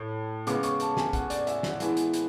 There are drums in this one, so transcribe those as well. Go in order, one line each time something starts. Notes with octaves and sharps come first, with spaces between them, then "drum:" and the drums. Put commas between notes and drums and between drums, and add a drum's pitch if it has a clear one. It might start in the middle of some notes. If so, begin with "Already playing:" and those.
Already playing: A2
C#3 G#3 B3 D6, drum: hi-hat
C#6, drum: hi-hat
A5, drum: hi-hat
G#5, drum: snare
F#5, drum: kick, hi-hat
D5, drum: hi-hat
E5, drum: hi-hat
F#5, drum: snare
E3 G#3 B3 E4, drum: hi-hat
drum: hi-hat
drum: hi-hat